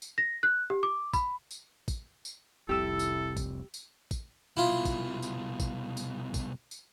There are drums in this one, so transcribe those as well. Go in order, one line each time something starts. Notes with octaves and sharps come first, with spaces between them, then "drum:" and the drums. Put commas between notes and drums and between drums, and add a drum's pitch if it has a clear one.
drum: tambourine
A#6
F#6
G4
D6
B5, drum: kick, tambourine
drum: tambourine
drum: kick, tambourine
drum: tambourine
F1 C2 C3 E4 G4 A4 E6 E7
drum: tambourine
drum: kick, tambourine
drum: tambourine
drum: kick, tambourine
C2 B2 E4 F4
drum: kick, tambourine
drum: tambourine
drum: kick, tambourine
drum: tambourine
drum: kick, tambourine
drum: tambourine